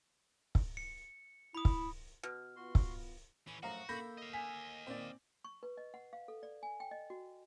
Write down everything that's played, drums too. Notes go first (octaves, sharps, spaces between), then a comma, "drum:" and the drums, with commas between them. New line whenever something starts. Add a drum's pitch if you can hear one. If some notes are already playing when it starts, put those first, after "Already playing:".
drum: kick
C#7
E4 B5 D#6
drum: kick
B2 F6
B3 F4 F#4 C6
drum: kick
E3 C#4 C#6
F#2 A2 F3 F#4 F5 A#5
A#3 E4 A4 B5 G6 A#6
D#5 F5
G#5 B6
A#2 D#3 C4 D5
C#6
B4
D#5
F#5
F5
A4
D5
G#5
G5
D#5
F#4